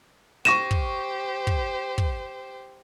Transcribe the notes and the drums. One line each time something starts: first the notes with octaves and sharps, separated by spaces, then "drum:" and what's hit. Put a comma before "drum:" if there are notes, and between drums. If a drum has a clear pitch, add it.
G4 C5 C#6 A#6 D#7 E7
drum: kick
drum: kick
drum: kick